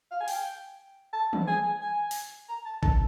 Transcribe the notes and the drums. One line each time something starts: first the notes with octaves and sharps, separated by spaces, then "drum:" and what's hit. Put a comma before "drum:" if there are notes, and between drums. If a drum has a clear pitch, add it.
F5
G#5
G5, drum: open hi-hat
A5
drum: tom
G#5
G#5
drum: open hi-hat
A#5
A5
A5, drum: kick A1